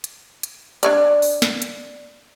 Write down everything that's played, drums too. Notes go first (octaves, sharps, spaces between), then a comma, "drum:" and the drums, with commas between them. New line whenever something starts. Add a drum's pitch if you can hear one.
drum: hi-hat
drum: hi-hat
D4 C#5 D5, drum: hi-hat
drum: open hi-hat
drum: snare
drum: hi-hat